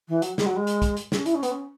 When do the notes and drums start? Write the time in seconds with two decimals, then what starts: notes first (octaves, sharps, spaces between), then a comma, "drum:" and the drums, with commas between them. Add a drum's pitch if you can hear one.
0.08 E3
0.22 F#3, drum: hi-hat
0.38 G#3, drum: snare
0.46 F#3
0.56 G#3
0.67 drum: hi-hat
0.82 drum: kick, hi-hat
0.97 drum: hi-hat
1.12 C#4, drum: snare
1.26 E4, drum: hi-hat
1.35 C#4
1.43 B3, drum: hi-hat
1.51 C#4